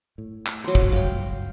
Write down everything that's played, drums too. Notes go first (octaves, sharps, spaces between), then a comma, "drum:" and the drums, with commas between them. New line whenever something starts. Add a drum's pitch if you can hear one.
A2
drum: clap
F#3 C6
drum: kick
G1 C#2 F#3 F5 G5